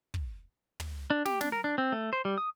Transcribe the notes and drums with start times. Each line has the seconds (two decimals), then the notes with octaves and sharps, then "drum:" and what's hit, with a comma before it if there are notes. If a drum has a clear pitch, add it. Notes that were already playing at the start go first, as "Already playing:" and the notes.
0.14 drum: kick
0.80 drum: tom
1.10 D4
1.26 G4, drum: snare
1.41 D4, drum: snare
1.52 A#4
1.64 D4
1.78 C4
1.92 A3
2.13 C5
2.25 G3
2.38 D#6